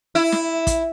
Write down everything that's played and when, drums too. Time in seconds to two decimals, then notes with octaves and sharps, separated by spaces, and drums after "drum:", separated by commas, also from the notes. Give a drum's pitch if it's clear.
0.15 E4
0.32 drum: snare
0.67 drum: kick, hi-hat